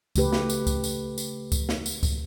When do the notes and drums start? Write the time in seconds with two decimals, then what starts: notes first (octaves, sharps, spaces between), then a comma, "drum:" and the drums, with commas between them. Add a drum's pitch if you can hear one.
0.16 C#3 A3 G4 B4, drum: kick C#2, tambourine
0.33 drum: snare
0.50 drum: tambourine
0.67 drum: kick C#2, tambourine
0.84 drum: tambourine
1.18 drum: tambourine
1.52 drum: kick C#2, tambourine
1.69 drum: snare
1.86 drum: tambourine
2.03 drum: kick C#2, tambourine